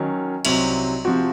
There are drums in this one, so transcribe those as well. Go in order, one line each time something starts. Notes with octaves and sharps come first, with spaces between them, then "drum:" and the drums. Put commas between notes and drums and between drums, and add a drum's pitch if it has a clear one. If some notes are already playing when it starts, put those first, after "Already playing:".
Already playing: D#3 F#3 C#4
C2 C3 F#3 C4 D#4, drum: cymbal
C3 F3 C4 F#4